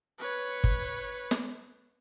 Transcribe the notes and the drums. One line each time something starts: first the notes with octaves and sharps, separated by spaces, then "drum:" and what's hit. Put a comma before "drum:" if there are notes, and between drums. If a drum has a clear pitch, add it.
B4 C#5
drum: kick G1
drum: snare